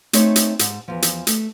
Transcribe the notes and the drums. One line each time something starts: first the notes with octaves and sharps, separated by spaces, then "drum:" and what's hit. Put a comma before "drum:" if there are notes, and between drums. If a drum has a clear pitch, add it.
A3 C4 D#4 C#5, drum: hi-hat
drum: hi-hat
G#2, drum: hi-hat
E2 F3
drum: hi-hat
A3, drum: hi-hat